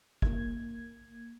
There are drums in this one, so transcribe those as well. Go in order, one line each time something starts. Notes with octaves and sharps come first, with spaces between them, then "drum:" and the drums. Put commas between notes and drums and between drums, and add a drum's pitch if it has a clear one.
A#3 G#6, drum: kick